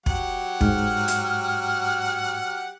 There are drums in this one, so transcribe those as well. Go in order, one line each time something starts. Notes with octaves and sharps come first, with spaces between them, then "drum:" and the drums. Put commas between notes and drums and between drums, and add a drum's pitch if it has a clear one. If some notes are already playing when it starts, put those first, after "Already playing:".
F#3 G4 F#5, drum: kick
G#2 F6, drum: kick
drum: hi-hat